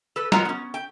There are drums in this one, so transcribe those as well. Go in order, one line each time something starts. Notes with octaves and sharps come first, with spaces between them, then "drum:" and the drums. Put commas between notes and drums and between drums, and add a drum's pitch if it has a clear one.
A4 B4
F#3 G#3 F4 A#4 F#5 A#5, drum: snare
B3 C#4
G5